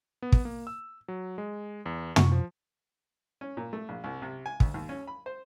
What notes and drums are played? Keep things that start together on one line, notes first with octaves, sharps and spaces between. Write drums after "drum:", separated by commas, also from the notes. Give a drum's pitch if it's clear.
B3
drum: kick
A#3
E6
F#3
G#3
E2
C#6, drum: tom
F3
C#4
A#2
A3
A#1
C2
C3
G#5
D2, drum: kick
D#2
C#4
B5
C5